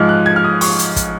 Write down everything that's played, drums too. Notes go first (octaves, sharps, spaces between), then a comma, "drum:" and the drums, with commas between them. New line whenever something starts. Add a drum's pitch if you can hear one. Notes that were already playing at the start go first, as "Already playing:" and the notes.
Already playing: G#2 F3 G#3 F6
F#6
G#6
F6
D#6
C#6, drum: open hi-hat
drum: hi-hat
drum: kick, hi-hat